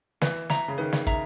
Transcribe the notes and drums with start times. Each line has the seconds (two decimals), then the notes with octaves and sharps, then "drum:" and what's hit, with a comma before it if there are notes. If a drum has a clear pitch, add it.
0.21 E3 B4, drum: snare
0.50 E5 A#5, drum: snare
0.68 C#3
0.78 D#3 B4
0.92 drum: snare
1.07 E5 A#5, drum: kick